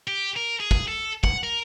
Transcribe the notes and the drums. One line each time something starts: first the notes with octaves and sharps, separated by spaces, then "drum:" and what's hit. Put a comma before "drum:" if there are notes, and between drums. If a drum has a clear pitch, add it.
G4
A#4
G#4
drum: kick
A4
F#5, drum: kick
A#4